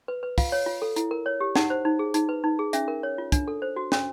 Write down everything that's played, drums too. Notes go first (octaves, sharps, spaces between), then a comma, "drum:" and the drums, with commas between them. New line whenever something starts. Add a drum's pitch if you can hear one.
B4
B4
F4 F5, drum: kick, open hi-hat
C#5
F4
A4
E4, drum: hi-hat
A#4
C#5
G4
D#4 F#5, drum: snare
C5
D#4
G#4
D#4, drum: hi-hat
B4
D#4
G#4
C#4 E5, drum: hi-hat
A#4
C#5
F4
D4, drum: kick, hi-hat
A4
C5
F#4
C#4, drum: snare